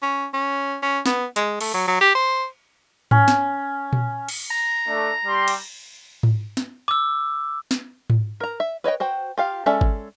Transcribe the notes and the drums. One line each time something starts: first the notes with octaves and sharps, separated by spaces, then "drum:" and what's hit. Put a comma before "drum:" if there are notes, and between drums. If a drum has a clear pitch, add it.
C#4
C#4
C#4
B3, drum: snare
G#3, drum: hi-hat
A3, drum: cymbal
F#3
F#3
G4
C5
C#4, drum: tom G#2
drum: snare
drum: tom A#2
drum: cymbal
A#5
A3 D4
G3 G4 C6
drum: cymbal
drum: tom G#2
drum: snare
D6 E6
drum: snare
drum: tom G#2
A#4 A#5
E5
B4 C#5 D#5 G5
F#4 C5 G5
F4 G4 F5
G#3 C#4 A4 D5 E5
drum: kick G#1